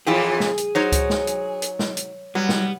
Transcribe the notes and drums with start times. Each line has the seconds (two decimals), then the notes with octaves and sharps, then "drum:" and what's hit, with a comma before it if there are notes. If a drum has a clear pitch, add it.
0.07 F2 A#2 E3 E4 F4 G#4 G5
0.40 drum: snare
0.58 drum: hi-hat
0.75 F#3 D#4 C5 C#5
0.92 drum: kick C#2, hi-hat
1.10 drum: snare
1.27 drum: hi-hat
1.62 drum: hi-hat
1.79 drum: snare
1.97 drum: hi-hat
2.35 F#3 G3 B3
2.49 drum: snare